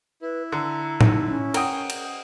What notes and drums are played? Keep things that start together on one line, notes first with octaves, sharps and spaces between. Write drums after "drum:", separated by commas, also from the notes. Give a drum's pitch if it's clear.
E4 B4
D3 A#5
D#4, drum: tom A2
C#4
A#4 F#5 G5 D#6, drum: cymbal
drum: cymbal